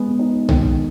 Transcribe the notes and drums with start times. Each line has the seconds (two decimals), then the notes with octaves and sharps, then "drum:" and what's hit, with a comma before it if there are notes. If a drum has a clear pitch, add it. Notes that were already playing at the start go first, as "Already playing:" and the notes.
Already playing: G#3 B3
0.19 D#4
0.49 D#3, drum: tom B1